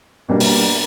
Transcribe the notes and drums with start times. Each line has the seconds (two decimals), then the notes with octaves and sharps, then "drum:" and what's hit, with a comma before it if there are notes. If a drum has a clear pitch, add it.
0.29 B2 G3 A#3 D4
0.40 drum: open hi-hat